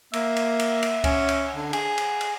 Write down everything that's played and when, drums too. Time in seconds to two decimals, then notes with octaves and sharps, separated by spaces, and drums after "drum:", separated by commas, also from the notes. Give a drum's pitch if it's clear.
0.13 A#3 E5, drum: cymbal
0.36 drum: cymbal
0.59 drum: cymbal
0.82 drum: cymbal
1.04 C#4, drum: kick C#2, cymbal
1.29 drum: cymbal
1.56 D3
1.73 G#4, drum: cymbal
1.98 drum: cymbal
2.21 drum: cymbal